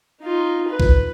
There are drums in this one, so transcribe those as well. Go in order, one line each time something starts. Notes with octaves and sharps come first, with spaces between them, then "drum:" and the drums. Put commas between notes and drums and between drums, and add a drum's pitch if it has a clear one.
D#4 F4
B4
drum: kick A#1